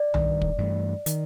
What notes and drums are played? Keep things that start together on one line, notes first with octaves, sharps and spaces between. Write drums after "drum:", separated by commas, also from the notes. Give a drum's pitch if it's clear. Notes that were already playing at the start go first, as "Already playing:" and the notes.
Already playing: D5
A1 G2 D#3, drum: tom B1
drum: kick
G2 E3 A3
D#3, drum: hi-hat